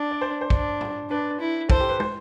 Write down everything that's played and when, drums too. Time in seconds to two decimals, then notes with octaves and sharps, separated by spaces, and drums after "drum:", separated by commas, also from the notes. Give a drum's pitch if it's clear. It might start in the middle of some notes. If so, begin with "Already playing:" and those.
Already playing: D4
0.11 D5
0.21 C5
0.41 C5
0.50 D4, drum: kick
0.81 drum: tom A2
1.10 D4 B4
1.40 E4
1.70 A4 C5, drum: kick
1.80 G4
1.89 B4
2.00 C5, drum: tom